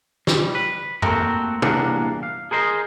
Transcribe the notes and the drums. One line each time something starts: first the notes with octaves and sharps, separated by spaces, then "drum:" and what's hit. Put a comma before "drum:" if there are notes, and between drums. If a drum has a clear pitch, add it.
G3, drum: snare
B4
A3 A#3 C4 F#4 A4 A#4, drum: tom F#2
E2 G2 A#2 A#3 D4 F#5, drum: tom
F5
G#4 A#4 C5 D#5